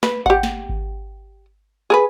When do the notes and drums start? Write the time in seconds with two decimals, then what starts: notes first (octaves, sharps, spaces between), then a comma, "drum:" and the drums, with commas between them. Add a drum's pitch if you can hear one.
0.03 B4, drum: snare
0.26 G4 F#5, drum: kick G#1
0.43 drum: snare
0.69 drum: kick G#1
1.90 G#4 A#4 B4